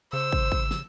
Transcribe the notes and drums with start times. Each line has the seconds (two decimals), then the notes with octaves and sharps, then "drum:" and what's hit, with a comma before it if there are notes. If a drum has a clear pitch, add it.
0.13 C#3 C5 E6
0.32 drum: kick
0.52 drum: kick
0.71 drum: snare